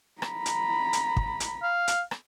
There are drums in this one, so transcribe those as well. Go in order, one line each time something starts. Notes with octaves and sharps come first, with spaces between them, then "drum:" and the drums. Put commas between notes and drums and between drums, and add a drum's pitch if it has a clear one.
A#5 B5, drum: rim click
drum: hi-hat
drum: hi-hat
drum: kick
drum: hi-hat
F5
drum: hi-hat
drum: rim click